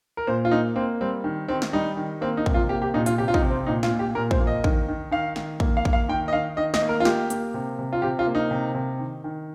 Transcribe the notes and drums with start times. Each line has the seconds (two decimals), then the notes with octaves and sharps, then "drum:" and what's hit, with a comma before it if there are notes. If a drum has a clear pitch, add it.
0.17 A#4
0.27 A#2 C5
0.45 F4
0.51 A#3 D#4
0.76 A#3 C4
1.01 G3 C4
1.24 D#3
1.48 D#3 C4
1.62 drum: snare
1.73 G3 D#4
1.97 D#3
2.21 A#3 C4
2.37 D#4
2.46 C3, drum: kick
2.54 F4
2.69 A#3 G4
2.82 G4
2.94 A#2 D#4
3.06 F4, drum: hi-hat
3.18 C3 G4
3.28 F4
3.34 D#4, drum: kick
3.42 C3
3.50 C4
3.66 A#2 D#4
3.83 F4, drum: snare
3.91 A#2
3.99 G4
4.15 A#2 A#4
4.31 C5, drum: kick
4.40 A#3
4.47 D#5
4.64 D#3, drum: kick
4.88 D#3
5.11 D#3 F5
5.36 D#3, drum: snare
5.60 A#3, drum: kick
5.77 F5
5.85 A#3, drum: kick
5.93 F5
6.08 D#3 G5
6.28 D#5
6.33 D#3 F5
6.57 D#3 D#5
6.74 D#5, drum: snare
6.82 A#3
6.89 A#4
7.00 F4
7.05 A#3 G4, drum: snare
7.30 A#3, drum: hi-hat
7.54 C3
7.79 C3
7.93 F4
8.02 C3 G4
8.19 F4
8.27 A#3
8.35 D#4
8.51 C3
8.75 C3
8.99 D#3
9.24 D#3